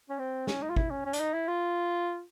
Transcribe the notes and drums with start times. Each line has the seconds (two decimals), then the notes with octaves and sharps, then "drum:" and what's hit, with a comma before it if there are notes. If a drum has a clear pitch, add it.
0.09 C#4
0.19 C4
0.47 C#4, drum: snare
0.62 D#4
0.69 F4
0.76 E4, drum: kick G#1
0.90 C#4
1.05 C#4
1.13 D4, drum: hi-hat
1.19 D#4
1.33 E4
1.48 F4